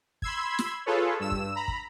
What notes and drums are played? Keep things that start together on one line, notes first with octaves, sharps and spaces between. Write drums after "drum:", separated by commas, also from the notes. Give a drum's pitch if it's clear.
B5 C6 E6 G#6, drum: kick
drum: snare
F4 G#4 A4 B4 C#5
G2 E6 E7
drum: kick
A#5 B5
drum: kick